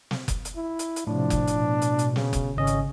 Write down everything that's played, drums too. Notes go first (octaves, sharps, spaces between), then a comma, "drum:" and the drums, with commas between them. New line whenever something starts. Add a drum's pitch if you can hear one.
drum: snare
drum: kick F#1, hi-hat
drum: hi-hat
E4
drum: hi-hat
drum: hi-hat
A2 C3 F3 D4
drum: kick F#1, hi-hat
drum: hi-hat
B2
drum: hi-hat
drum: hi-hat
C#3, drum: snare
drum: kick F#1, hi-hat
G#1 C#3 C#4 D#5
drum: hi-hat